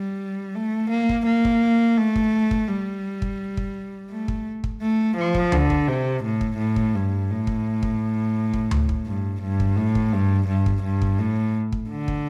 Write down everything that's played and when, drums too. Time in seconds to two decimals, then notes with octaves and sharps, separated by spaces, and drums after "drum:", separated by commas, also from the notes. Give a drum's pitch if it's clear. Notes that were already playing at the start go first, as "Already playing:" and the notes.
Already playing: G3
0.56 A3
0.91 A#3
1.09 drum: kick
1.27 A#3
1.45 drum: kick
1.98 A3
2.16 drum: kick
2.51 drum: kick
2.69 G3
3.22 drum: kick
3.57 drum: kick
4.10 A3
4.28 drum: kick
4.64 drum: kick
4.81 A3
5.17 F3
5.35 drum: kick
5.52 D3, drum: tom D2
5.70 drum: kick
5.87 C3
6.24 A2
6.41 drum: kick
6.58 A2
6.76 drum: kick
6.94 G2
7.30 A2
7.47 drum: kick
7.83 drum: kick
8.54 drum: kick
8.71 drum: tom D2
8.89 drum: kick
9.07 G2
9.43 G2
9.60 drum: kick
9.77 A2
9.95 drum: kick
10.13 G2
10.48 G2
10.66 drum: kick
10.83 G2
11.02 drum: kick
11.19 A2
11.72 drum: kick
11.90 D3
12.08 drum: kick